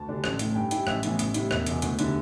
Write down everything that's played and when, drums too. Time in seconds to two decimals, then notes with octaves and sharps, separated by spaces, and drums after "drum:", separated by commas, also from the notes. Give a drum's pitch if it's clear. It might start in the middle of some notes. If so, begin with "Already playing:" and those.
Already playing: D2 A5
0.08 D3 G3 D4
0.24 A1, drum: rim click
0.39 A2 A3, drum: hi-hat
0.55 G2 G5
0.71 G3 E4 G5, drum: hi-hat
0.87 A1 E5, drum: rim click
1.03 A2 E3 B3, drum: hi-hat
1.19 A1, drum: hi-hat
1.34 A2 G3 E4, drum: hi-hat
1.51 E1 E5, drum: rim click
1.67 E2 B2, drum: hi-hat
1.82 D2, drum: hi-hat
1.99 D3 G3 E4, drum: hi-hat